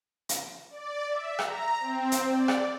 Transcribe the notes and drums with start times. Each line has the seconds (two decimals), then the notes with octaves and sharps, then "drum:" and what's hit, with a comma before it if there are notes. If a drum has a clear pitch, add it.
0.29 drum: hi-hat
0.70 D5
1.09 E5
1.39 A#5, drum: rim click
1.80 C4
2.12 drum: hi-hat
2.30 D5
2.48 drum: rim click